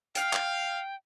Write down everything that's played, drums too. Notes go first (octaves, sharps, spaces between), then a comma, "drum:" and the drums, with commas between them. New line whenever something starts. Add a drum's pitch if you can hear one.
F5 G5, drum: hi-hat
drum: clap